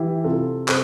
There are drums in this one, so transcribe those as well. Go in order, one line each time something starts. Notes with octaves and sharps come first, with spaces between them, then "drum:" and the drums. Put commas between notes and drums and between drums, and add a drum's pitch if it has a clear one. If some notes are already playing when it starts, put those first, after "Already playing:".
Already playing: E3 E4 G4
C3 F4 A4
C3 A4 C5, drum: clap